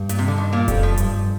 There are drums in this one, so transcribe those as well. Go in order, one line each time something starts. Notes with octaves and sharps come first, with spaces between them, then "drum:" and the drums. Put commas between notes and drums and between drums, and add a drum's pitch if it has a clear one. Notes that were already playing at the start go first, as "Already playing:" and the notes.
Already playing: G2
A#2, drum: hi-hat
C3
D3
D#3
A#2 A#3
F2 G3, drum: kick E1, hi-hat
F3
G2, drum: hi-hat